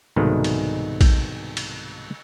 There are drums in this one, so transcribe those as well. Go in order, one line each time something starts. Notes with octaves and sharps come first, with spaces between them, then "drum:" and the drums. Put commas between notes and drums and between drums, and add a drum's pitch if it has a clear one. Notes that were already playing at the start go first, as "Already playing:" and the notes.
C2 G#2 B2 D#3 G#3 A3
drum: cymbal
drum: kick A#1, cymbal
drum: cymbal